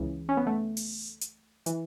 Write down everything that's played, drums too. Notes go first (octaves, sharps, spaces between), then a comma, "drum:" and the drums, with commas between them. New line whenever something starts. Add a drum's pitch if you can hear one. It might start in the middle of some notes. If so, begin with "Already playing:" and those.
Already playing: C#2 C#3 E3
C#4
B3
A3
drum: open hi-hat
drum: hi-hat
E3, drum: hi-hat